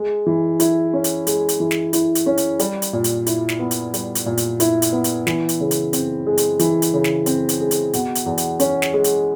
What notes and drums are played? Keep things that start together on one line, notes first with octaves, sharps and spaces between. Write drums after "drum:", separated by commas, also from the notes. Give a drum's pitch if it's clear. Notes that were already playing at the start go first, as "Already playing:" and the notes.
Already playing: G#3
E3
E4, drum: hi-hat
C#4
drum: hi-hat
G#3, drum: hi-hat
drum: hi-hat
E3
drum: snare
E4, drum: hi-hat
drum: hi-hat
C#4
drum: hi-hat
G3, drum: hi-hat
drum: hi-hat
A#2
drum: hi-hat
E4, drum: hi-hat
drum: snare
B3
drum: hi-hat
G3, drum: hi-hat
drum: hi-hat
A#2
drum: hi-hat
E4, drum: hi-hat
drum: hi-hat
B3
drum: hi-hat
E3, drum: snare
drum: hi-hat
C#3
drum: hi-hat
C4, drum: hi-hat
G#3
drum: hi-hat
E3, drum: hi-hat
drum: hi-hat
C#3
drum: snare
C4, drum: hi-hat
drum: hi-hat
G#3
drum: hi-hat
B2, drum: hi-hat
drum: hi-hat
E2
drum: hi-hat
C#4, drum: hi-hat
drum: snare
G#3
drum: hi-hat